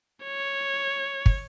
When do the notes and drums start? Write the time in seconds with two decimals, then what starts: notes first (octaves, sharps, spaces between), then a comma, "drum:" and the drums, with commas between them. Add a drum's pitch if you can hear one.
0.24 C#5
1.26 drum: kick